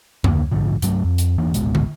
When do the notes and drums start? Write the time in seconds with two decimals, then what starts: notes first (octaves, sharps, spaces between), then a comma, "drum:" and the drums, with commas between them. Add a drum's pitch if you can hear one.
0.24 D2 D3 A#3, drum: tom F2
0.52 A#1 G#2 D3 F3
0.82 G2 F#3 A3, drum: hi-hat
1.04 F2
1.18 drum: hi-hat
1.38 E2 E3 A#3 D4
1.54 D1 G#1 B2 G#3, drum: hi-hat
1.75 drum: tom